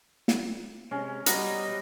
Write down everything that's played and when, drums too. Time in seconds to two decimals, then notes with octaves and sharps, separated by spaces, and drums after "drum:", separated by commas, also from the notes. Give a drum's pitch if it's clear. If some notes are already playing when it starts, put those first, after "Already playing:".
0.28 drum: snare
0.91 C3 G#3 C#4
1.26 G3 B3 D#5 A#5, drum: hi-hat